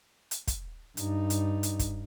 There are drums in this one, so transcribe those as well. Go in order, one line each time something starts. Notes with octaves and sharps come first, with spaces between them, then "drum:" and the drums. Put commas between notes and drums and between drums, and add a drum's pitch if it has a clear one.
drum: hi-hat
drum: kick, hi-hat
G2 D#4, drum: hi-hat
drum: hi-hat
drum: hi-hat
drum: kick, hi-hat